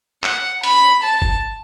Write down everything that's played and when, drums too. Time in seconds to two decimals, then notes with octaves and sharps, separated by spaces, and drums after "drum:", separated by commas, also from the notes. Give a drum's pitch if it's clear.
0.24 F#5, drum: clap
0.63 B5, drum: hi-hat
1.03 A5
1.22 drum: kick